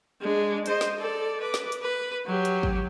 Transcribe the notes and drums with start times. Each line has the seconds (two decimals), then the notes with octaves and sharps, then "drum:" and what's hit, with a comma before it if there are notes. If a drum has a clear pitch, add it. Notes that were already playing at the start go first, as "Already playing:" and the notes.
0.21 G#3 D4
0.66 C5 D#5, drum: hi-hat
0.81 drum: snare
0.99 A4 D5
1.40 B4 D6
1.54 drum: snare
1.72 drum: hi-hat
1.82 B4
2.26 F#3 G4
2.45 drum: hi-hat
2.63 drum: kick